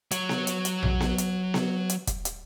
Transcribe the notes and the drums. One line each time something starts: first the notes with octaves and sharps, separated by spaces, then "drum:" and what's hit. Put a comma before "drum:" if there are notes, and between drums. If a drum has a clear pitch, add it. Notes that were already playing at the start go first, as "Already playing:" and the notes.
F#3 C#5, drum: hi-hat
drum: snare B3
drum: hi-hat
drum: hi-hat
drum: tom A#1
drum: snare B3
drum: hi-hat
drum: snare B3
drum: hi-hat
drum: kick E1, hi-hat
drum: hi-hat